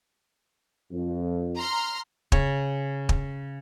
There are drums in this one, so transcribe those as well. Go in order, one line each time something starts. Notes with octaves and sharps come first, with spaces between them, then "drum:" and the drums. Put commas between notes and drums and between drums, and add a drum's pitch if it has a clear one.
F2
A#5 C6 F6
C#3 C#5, drum: kick
drum: kick